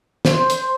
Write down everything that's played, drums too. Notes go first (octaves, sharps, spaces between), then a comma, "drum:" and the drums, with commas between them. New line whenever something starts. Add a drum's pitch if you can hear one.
C5, drum: snare
drum: hi-hat